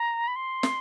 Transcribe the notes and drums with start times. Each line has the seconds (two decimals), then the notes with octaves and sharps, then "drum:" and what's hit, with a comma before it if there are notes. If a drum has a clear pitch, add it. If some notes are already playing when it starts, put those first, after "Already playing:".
Already playing: A#5
0.27 B5
0.36 C6
0.63 drum: snare